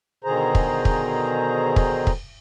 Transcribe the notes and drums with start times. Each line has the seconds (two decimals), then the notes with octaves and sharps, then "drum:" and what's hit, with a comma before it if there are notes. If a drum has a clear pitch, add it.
0.24 B2 D3 D#3 G#4 C5 A#5
0.55 drum: kick
0.85 drum: kick
1.76 drum: kick
2.07 drum: kick